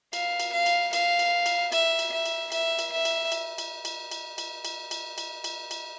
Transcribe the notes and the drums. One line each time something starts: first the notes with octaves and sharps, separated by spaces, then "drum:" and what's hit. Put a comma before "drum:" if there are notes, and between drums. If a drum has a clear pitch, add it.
F5, drum: cymbal
drum: cymbal
F5
drum: cymbal
F5, drum: cymbal
drum: cymbal
drum: cymbal
E5, drum: cymbal
drum: cymbal
E5
drum: cymbal
E5, drum: cymbal
drum: cymbal
E5
drum: cymbal
drum: cymbal
drum: cymbal
drum: cymbal
drum: cymbal
drum: cymbal
drum: cymbal
drum: cymbal
drum: cymbal
drum: cymbal
drum: cymbal